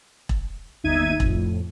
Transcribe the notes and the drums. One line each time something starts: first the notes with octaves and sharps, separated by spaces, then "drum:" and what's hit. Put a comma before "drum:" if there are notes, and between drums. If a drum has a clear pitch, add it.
drum: kick E1
G1 D#2 D#4 E5 G#6 D#7
F2 A2, drum: kick E1